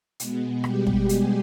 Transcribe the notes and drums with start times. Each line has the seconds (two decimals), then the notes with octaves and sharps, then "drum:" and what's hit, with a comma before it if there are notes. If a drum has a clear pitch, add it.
0.20 B2 G#3 B3, drum: hi-hat
0.64 G3 G4, drum: rim click
0.87 drum: kick
1.09 G#3 G#4, drum: hi-hat